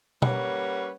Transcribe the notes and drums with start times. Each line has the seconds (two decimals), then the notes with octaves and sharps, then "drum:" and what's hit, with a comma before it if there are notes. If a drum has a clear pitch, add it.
0.22 G3 A#3 C#4 B4 C#5 F#5, drum: tom B2